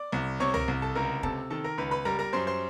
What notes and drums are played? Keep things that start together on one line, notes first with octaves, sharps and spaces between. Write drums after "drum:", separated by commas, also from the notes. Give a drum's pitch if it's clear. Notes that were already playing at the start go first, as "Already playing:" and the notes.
Already playing: D5 D6
C2
C3 C#5 C#6
A#4 A#5, drum: tom
C2
A4 A5
C#2 A#4 A#5
C3 A4 A5, drum: kick
D#3 A4 A5
A#4 A#5
C#2 B4 B5
B4 B5
G3 A#4 A#5
A#4 A#5
F#2 C5 C6
C5 C6